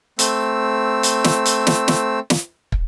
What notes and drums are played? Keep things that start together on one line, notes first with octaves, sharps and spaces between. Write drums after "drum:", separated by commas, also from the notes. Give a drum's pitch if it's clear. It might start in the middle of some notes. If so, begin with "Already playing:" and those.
A3 C4 E6, drum: hi-hat
drum: hi-hat
drum: snare
drum: hi-hat
drum: snare
drum: snare
drum: snare
drum: kick